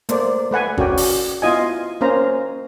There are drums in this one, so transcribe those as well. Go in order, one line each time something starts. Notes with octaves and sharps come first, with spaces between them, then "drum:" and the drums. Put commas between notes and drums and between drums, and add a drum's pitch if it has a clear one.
A3 A#3 C5 D5, drum: hi-hat
A3 B4 F#5 G#5
C#4 F#4 A#4 D5 G5, drum: kick G1
drum: open hi-hat
B3 E4 F4 D#5 G#5
A#3 C#4 C5 F5 A#5